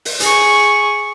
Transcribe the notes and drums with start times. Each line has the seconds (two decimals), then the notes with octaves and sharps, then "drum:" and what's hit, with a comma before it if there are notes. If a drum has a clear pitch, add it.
0.05 drum: open hi-hat
0.20 G#4 C#6, drum: hi-hat